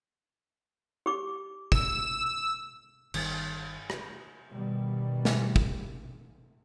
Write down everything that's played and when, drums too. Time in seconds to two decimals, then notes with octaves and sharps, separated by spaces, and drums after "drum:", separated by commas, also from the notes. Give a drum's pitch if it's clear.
1.06 G4 D6
1.72 E6, drum: kick
3.14 G1 D#3, drum: cymbal
3.90 drum: rim click
4.51 G1 B2 D#3 G3
5.25 drum: snare
5.56 drum: kick